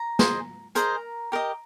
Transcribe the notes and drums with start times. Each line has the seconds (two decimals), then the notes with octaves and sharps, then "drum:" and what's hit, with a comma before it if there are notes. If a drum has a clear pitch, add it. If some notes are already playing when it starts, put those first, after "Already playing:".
Already playing: A#5
0.19 G#4 C5 D#5, drum: snare
0.75 G#4 A#4 C5 D#5 A#5, drum: hi-hat
1.32 G4 A#4 D#5